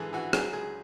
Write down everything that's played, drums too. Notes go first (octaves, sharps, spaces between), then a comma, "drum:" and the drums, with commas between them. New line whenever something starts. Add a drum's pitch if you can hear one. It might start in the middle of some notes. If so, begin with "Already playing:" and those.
Already playing: G#2 E3 G#4 A4
E3 F#4
F#3 G#4, drum: rim click
C#2 G#4